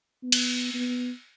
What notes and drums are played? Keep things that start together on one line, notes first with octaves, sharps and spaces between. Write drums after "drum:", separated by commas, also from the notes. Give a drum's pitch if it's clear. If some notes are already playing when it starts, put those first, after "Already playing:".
B3
drum: cymbal
B3